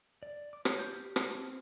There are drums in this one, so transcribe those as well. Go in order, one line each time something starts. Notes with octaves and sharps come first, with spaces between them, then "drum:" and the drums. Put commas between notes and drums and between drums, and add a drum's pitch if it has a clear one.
D5
D6
C#5, drum: rim click
G6
G4
A5, drum: rim click
C4